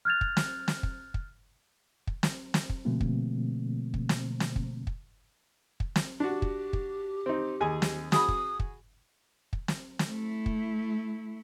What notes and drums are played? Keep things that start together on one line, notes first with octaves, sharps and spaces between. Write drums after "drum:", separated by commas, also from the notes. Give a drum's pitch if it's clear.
F6 F#6 G#6 A6 F7
drum: kick
drum: snare
drum: snare
drum: kick
drum: kick
drum: kick
drum: snare
drum: snare
drum: kick
B2 D3 F3 A3 A#3 C4
drum: kick
drum: kick
drum: snare
drum: snare
drum: kick
drum: kick
drum: kick
drum: snare
D4 F#4 G4
drum: kick
drum: kick
C4 D#4
D#2 G#4 G#5
drum: snare
F#4 G#4 B5 D#6, drum: snare
drum: kick
drum: kick
drum: kick
drum: snare
drum: snare
A3 E4
drum: kick